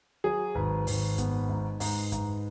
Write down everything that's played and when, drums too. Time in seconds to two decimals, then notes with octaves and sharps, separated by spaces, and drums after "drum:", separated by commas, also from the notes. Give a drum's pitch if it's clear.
0.24 F#3 G#4
0.55 G#1 B4
0.87 G#1, drum: open hi-hat
1.18 B3, drum: kick F#2, hi-hat
1.49 G#2
1.80 G#2, drum: open hi-hat
2.12 G#2, drum: kick F#2, hi-hat